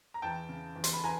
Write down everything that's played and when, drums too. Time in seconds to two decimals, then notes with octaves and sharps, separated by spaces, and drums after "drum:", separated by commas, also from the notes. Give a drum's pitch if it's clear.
0.14 A#5
0.22 E2 G5 A5
0.49 C#3
0.76 E2
0.84 C6, drum: hi-hat
0.93 B5
1.04 E3 G#5 A#5